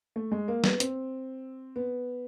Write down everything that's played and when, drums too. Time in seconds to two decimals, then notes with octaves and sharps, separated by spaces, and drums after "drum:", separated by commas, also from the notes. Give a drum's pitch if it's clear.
0.16 A3
0.32 G#3
0.48 A#3
0.64 B3, drum: snare
0.80 C4, drum: hi-hat
1.76 B3